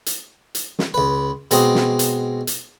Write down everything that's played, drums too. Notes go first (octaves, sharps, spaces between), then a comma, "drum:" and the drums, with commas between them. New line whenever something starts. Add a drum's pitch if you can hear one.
drum: hi-hat
drum: hi-hat
drum: snare
C#2 B4
B2 G#3 C4 F#4 D#6, drum: hi-hat
drum: snare
drum: hi-hat
drum: hi-hat